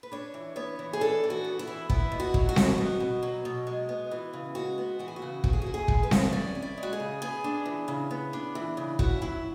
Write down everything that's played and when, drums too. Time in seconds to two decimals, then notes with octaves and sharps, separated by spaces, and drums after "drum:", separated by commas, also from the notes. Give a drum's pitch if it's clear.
0.03 B4
0.12 D4 C#5
0.34 E3
0.56 B3 C#5
0.79 E3
0.93 G#4
1.01 D4 A4
1.24 E3
1.30 F#4
1.45 B3
1.59 E4
1.67 E3
1.90 B3 E4, drum: kick
2.12 B2
2.20 F#4
2.34 F#3, drum: kick
2.49 F#4
2.56 B2, drum: snare C4
2.78 B3
3.00 B2
3.23 F#3
3.45 B2
3.67 G#3
3.89 B3
4.11 E3
4.33 C#3
4.55 G#3 F#4
4.78 B3
4.99 E3 F#4
5.08 G#4
5.16 F#4
5.22 C#3
5.44 C#4 F#4, drum: kick
5.53 G#4
5.62 E4 F#4
5.74 G#4
5.88 G#3, drum: kick
6.03 B4
6.11 C#3 F#5, drum: snare C4
6.24 E5
6.33 C#4 D5
6.55 E4
6.62 D5
6.78 G#3
6.83 F#4
6.93 G#4
7.00 C#3
7.22 B3 G#4
7.44 D4
7.66 E3
7.88 C#3
8.11 B3
8.33 D4
8.55 E3
8.77 C#3
8.99 E4 F#4, drum: kick
9.22 F#3 E4